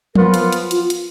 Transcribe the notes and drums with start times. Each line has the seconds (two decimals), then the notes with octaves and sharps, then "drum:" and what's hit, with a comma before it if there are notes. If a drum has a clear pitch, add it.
0.15 F3 B3 F4 A#4, drum: tom F3
0.34 drum: hi-hat
0.53 drum: hi-hat
0.71 F4, drum: hi-hat
0.90 drum: hi-hat